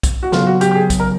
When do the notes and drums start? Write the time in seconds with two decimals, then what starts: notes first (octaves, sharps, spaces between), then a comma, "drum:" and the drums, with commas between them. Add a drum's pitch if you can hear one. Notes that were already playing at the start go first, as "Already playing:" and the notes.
0.03 drum: kick, hi-hat
0.23 F#4
0.32 C#3 F#3 B3 F4, drum: snare
0.47 F#4
0.61 G4, drum: hi-hat
0.71 G4
0.75 G#4
0.90 drum: kick, hi-hat
1.00 A#4